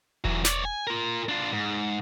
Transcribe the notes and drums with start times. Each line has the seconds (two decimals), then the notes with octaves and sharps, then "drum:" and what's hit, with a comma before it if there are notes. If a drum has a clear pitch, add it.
0.25 E3 F#3, drum: kick E1
0.45 C#5 D5, drum: snare
0.65 G#5
0.87 F4 A#4
1.29 D4 F4
1.53 G#2